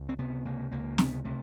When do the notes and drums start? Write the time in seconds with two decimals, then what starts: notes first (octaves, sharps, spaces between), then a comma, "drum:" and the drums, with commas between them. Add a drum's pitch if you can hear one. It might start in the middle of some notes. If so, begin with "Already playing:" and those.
Already playing: C#2
0.09 C4
0.19 C3 B3
0.45 C#2 A#3
0.72 C#2 A#3
0.98 C3 B3, drum: snare
1.25 C3 A3